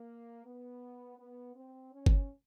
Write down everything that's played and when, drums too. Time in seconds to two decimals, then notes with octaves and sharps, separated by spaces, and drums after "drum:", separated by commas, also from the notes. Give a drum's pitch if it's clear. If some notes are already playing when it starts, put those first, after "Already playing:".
Already playing: A#3
0.45 B3
1.18 B3
1.55 C4
1.93 C#4
2.06 drum: kick G1